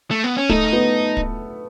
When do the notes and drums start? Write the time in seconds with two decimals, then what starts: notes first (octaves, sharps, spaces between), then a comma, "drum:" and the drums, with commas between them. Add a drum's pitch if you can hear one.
0.11 A3
0.24 B3
0.37 C#4
0.49 A3 D#4, drum: kick
0.73 B3
1.17 drum: kick